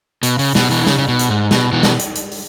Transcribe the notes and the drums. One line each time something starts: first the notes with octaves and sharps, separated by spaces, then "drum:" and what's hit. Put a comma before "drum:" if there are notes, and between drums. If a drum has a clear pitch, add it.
B2, drum: hi-hat
C#3, drum: open hi-hat
B2, drum: snare
B2 E3, drum: open hi-hat
C#3, drum: snare
C#3
B2
drum: hi-hat
G#2
B2, drum: snare
B2 E3
drum: snare
drum: hi-hat
drum: hi-hat
drum: open hi-hat